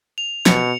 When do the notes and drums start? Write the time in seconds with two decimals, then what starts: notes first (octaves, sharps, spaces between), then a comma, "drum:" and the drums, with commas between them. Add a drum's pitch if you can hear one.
0.18 F7
0.46 B2 C#7, drum: snare